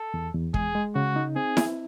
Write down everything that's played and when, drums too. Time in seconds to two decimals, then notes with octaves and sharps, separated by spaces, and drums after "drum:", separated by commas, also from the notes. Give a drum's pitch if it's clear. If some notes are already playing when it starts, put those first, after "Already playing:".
Already playing: A4
0.14 E2
0.34 E2
0.54 G#3 G#4, drum: kick
0.75 G#3
0.95 C#3 F#4
1.16 D#4
1.36 C4 G#4
1.57 E4, drum: snare E4